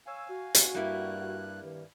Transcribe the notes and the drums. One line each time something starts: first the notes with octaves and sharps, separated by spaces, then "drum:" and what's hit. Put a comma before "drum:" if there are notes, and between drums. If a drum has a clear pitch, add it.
C#5 F5 G#5 E6
F#4
drum: hi-hat
G2 G3 A#3 E4 F#6
G2 D#3